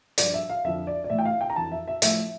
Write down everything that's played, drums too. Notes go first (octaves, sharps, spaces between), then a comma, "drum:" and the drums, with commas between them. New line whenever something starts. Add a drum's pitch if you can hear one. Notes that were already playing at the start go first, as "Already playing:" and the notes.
G2 F3 D5, drum: hi-hat
E5
F5
F2 D3 F3 E5
D5
D5
A2 E3 E5
G5
F5
G5
A#5
F2 E3 A5
E5
E5
A2 F3 E5, drum: hi-hat